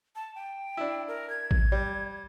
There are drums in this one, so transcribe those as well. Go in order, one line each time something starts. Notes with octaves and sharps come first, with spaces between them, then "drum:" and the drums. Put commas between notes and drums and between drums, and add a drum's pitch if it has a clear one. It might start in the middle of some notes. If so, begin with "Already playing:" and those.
A5
G5
D4 E4
A#4
G#6
drum: kick A1
G3